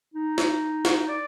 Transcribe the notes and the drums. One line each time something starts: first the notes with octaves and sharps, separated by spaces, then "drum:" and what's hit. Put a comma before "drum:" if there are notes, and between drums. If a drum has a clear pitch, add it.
D#4
drum: snare
drum: snare
D5